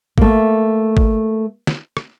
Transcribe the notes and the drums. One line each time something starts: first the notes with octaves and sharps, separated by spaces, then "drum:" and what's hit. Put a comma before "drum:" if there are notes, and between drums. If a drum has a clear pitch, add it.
A3 A#3, drum: kick
drum: kick
drum: snare
drum: rim click